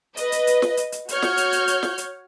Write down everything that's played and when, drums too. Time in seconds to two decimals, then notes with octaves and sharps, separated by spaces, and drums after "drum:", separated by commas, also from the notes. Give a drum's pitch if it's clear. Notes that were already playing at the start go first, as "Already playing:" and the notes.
0.17 B4 D#5, drum: hi-hat
0.32 drum: hi-hat
0.47 drum: hi-hat
0.62 drum: snare
0.77 drum: hi-hat
0.92 drum: hi-hat
1.09 F#4 C#5 F6 G6, drum: hi-hat
1.22 drum: snare
1.37 drum: hi-hat
1.52 drum: hi-hat
1.68 drum: hi-hat
1.83 drum: snare
1.98 drum: hi-hat